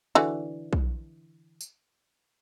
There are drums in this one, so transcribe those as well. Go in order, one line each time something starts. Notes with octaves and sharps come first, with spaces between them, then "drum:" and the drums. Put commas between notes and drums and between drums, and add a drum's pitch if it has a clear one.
D3 E3 F#4
drum: kick
drum: tambourine